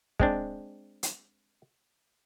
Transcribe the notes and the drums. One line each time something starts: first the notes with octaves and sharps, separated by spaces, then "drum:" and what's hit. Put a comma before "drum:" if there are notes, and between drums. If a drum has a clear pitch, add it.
G#3 C4 D4, drum: kick
drum: hi-hat